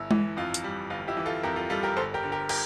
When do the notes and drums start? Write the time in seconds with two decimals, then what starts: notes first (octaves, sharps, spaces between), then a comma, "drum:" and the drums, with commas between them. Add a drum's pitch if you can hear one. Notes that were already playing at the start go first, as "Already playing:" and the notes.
Already playing: G1 E4
0.11 E3, drum: tom G#3
0.37 F2 F4
0.54 drum: hi-hat
0.64 G3
0.90 G1 F4
1.08 E4 G4
1.17 E3
1.26 F4 A4
1.43 F2 G4 A#4
1.56 F4 A4
1.70 G3 F4 A4
1.83 G4 A#4
1.97 G1 A4 C5
2.14 G4 A#4
2.23 D3
2.32 G4 A#4
2.49 G4 A#4, drum: cymbal